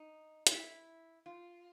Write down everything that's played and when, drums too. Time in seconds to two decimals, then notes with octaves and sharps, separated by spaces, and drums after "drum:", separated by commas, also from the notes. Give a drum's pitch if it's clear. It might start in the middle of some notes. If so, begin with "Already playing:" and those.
Already playing: D#4
0.47 F4, drum: hi-hat
0.51 E4
1.26 F4